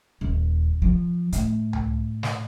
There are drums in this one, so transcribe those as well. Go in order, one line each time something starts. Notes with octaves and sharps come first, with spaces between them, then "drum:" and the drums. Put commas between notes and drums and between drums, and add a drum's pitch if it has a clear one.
D#1
F3
A2, drum: hi-hat
drum: tom C#2
drum: snare